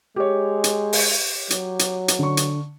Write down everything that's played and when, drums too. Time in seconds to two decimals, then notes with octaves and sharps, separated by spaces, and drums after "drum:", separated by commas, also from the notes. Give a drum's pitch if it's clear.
0.16 G#3 G4 C#5
0.64 drum: hi-hat
0.93 drum: open hi-hat
1.50 F#3, drum: hi-hat
1.79 drum: hi-hat
2.08 drum: hi-hat
2.19 D3 C#6
2.37 drum: hi-hat